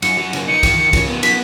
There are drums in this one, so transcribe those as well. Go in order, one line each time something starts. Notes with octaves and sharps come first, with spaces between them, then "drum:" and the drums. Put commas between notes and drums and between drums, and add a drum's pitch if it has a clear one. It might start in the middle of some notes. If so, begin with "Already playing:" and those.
F#2 C#7, drum: cymbal
F#3
C#3, drum: cymbal
D#4 C#7
D#3, drum: kick C2, cymbal
D#3
C#3, drum: kick C2, cymbal
B3
F#3 B6, drum: cymbal